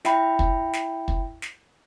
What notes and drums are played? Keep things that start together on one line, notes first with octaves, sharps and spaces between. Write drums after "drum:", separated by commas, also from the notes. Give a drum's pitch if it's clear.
E4 E5 G5 B5, drum: snare
drum: kick
drum: snare
drum: kick
drum: snare